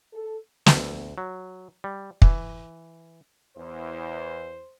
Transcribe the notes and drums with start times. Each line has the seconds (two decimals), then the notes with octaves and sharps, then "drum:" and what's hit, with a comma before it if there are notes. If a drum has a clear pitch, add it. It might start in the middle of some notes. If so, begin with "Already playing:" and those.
0.13 A4
0.66 D2, drum: snare
1.18 F#3
1.84 G3
2.22 E3, drum: kick
3.56 E2 C5